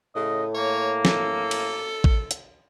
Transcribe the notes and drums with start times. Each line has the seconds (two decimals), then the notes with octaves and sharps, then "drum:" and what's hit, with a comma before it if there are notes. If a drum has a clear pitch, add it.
0.16 A2 C#3 D#5
0.55 A#3 C#5
1.05 A4, drum: snare
1.51 drum: cymbal
2.04 drum: kick A1
2.31 drum: hi-hat